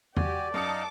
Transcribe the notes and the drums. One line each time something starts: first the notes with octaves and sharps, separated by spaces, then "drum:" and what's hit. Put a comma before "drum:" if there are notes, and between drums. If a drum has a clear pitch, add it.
F#4 G4 D5 G#5, drum: tom E2
F#2 D#4 D#5 F5 A5 D6 D#6 C#7